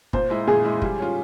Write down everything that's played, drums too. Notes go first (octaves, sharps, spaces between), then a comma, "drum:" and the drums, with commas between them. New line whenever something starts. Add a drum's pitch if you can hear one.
A#2 C5, drum: kick
G#3 E4
A#2 G#4
G#3 E4
G3, drum: kick
C#4 F4